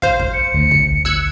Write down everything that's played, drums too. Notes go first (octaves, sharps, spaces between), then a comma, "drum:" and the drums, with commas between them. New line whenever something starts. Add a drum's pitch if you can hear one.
C5 F5, drum: kick
drum: kick
C#7
D2
drum: kick
E6 F#6 G#6, drum: kick